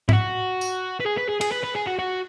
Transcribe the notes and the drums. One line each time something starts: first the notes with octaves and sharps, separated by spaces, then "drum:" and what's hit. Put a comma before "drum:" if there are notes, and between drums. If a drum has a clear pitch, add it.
E4, drum: tom G#2
F#4
drum: tambourine
B4
G#4
B4
G#4
G#4, drum: cymbal
B4
B4
G#4
F#4
F#4